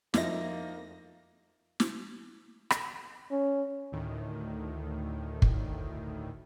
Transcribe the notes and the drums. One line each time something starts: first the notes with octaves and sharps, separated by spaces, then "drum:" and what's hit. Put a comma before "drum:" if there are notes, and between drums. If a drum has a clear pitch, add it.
F2 F3 A#3 D#4 F#4 E5 A#6, drum: snare
drum: snare
drum: rim click
C#4
D2 A2 D#3
drum: kick